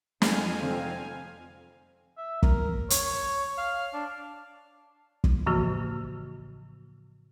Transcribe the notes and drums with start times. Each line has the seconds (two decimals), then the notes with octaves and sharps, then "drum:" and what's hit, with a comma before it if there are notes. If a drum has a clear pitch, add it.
0.22 F2 F5 G#5, drum: snare
0.62 F1 C4
2.17 E5
2.43 A#4, drum: kick
2.90 C#5, drum: hi-hat
3.58 F5
3.93 D4
5.24 drum: kick
5.46 A2 C#3 E3 F3 A#3 F#4